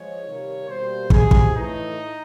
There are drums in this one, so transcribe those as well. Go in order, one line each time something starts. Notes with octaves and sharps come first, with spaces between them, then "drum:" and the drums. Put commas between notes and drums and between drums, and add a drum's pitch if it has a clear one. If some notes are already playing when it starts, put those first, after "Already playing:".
Already playing: F3 G#3 C#5
C3 D#3 G3 A#3
B2 G3 A#3 C5
C3 F3 G#3 G#4, drum: kick
drum: kick
A2 E3 A3 D#4